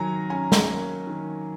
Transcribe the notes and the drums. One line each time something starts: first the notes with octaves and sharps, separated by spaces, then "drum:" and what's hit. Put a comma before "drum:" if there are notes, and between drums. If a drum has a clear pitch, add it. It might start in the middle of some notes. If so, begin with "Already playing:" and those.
Already playing: D#3 F#3 G#5 A#5
C#4 G#5
drum: snare
A#3
D#3